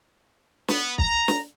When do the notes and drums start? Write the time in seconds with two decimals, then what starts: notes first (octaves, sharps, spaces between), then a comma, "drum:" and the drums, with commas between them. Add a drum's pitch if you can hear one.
0.68 B3, drum: snare
0.98 A#5, drum: kick
1.28 drum: snare